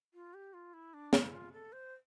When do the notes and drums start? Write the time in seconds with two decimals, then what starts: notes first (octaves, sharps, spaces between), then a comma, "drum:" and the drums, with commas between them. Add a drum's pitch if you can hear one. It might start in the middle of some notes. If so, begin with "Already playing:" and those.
0.14 F4
0.34 G4
0.53 F4
0.73 E4
0.94 D4
1.13 E4, drum: snare
1.33 F4
1.52 A4
1.72 C5